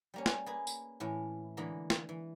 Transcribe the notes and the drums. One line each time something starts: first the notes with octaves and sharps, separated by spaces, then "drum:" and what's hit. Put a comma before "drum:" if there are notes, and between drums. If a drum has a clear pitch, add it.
G3 A#3 C#4
drum: snare
A#3 G#4 B4
drum: tambourine
A2 E3 C#4 E4
D3 E3 G#3 A#3 D#5 B5
drum: snare
E3